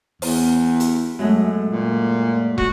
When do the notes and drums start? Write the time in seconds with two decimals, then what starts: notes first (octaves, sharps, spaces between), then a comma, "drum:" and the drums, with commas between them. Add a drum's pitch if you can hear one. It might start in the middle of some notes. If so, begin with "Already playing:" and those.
0.22 E2, drum: open hi-hat
0.80 drum: hi-hat
1.19 F#2 G#3 A3
1.68 A#2
2.58 F#4, drum: kick